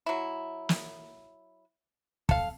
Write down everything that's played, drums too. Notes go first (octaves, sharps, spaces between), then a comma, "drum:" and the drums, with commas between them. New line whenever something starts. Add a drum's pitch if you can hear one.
F#3 E4
drum: snare
A4 F5, drum: kick